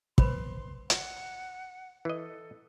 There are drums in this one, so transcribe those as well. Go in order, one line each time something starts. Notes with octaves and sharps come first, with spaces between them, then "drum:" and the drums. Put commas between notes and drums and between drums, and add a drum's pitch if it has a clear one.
B4 C5 B5 C6, drum: kick
F#5, drum: hi-hat
E3 A4 D#5